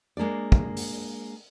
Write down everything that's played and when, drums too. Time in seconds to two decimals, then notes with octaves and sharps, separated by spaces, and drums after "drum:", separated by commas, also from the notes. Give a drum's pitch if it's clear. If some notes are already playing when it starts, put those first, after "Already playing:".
0.17 G#3 A#3 D4 D5
0.52 drum: kick
0.77 drum: open hi-hat